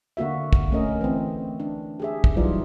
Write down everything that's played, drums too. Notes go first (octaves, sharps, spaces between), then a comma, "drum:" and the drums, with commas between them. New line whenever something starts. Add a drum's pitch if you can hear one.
D3 A#3 F#4 E5
drum: kick
A3 C#4 A#4 D#5
E3 C4
D4
G4 G#4 E5
drum: kick
E3 F#3 G3 D#4 F4 D5